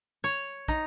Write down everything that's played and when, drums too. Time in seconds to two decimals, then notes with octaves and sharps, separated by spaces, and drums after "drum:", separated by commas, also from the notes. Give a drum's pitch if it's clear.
0.24 C#5
0.68 D#4, drum: kick, hi-hat